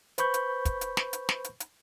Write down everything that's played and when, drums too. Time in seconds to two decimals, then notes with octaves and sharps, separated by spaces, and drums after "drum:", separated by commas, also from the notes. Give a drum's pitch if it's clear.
0.18 B4 C5 B5 C#6 G6, drum: hi-hat
0.34 drum: hi-hat
0.65 drum: kick, hi-hat
0.81 drum: hi-hat
0.97 drum: snare
1.13 drum: hi-hat
1.29 drum: snare
1.44 drum: hi-hat
1.60 drum: hi-hat